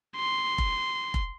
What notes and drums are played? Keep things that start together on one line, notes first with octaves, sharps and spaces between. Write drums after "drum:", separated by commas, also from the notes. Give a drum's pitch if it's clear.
C6
drum: kick F1
drum: kick F1